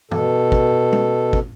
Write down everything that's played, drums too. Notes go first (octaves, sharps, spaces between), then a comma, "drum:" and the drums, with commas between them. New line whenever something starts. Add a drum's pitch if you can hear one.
B2 A4, drum: tom G2
drum: kick
drum: tom
drum: kick